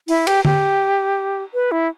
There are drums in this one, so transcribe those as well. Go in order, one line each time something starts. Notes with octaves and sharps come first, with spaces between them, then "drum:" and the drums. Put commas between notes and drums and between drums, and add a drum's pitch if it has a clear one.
E4, drum: open hi-hat
G4, drum: cymbal
G4, drum: tom D3
B4
E4